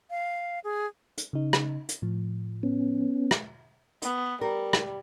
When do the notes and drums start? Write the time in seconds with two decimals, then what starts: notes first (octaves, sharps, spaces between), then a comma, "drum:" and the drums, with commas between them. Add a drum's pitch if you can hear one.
0.10 F5
0.64 G#4
1.18 drum: hi-hat
1.33 C#3 D#4
1.53 drum: rim click
1.89 drum: hi-hat
2.02 A2 F3
2.63 B3 C#4
3.31 drum: rim click
4.02 B3, drum: hi-hat
4.41 G3 A#4
4.73 drum: rim click